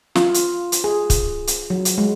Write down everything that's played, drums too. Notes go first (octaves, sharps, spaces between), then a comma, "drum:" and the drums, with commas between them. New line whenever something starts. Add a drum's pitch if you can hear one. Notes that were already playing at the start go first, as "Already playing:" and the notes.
F4, drum: snare
drum: hi-hat
drum: hi-hat
G#4
drum: kick, hi-hat
drum: hi-hat
F#3
drum: hi-hat
G#3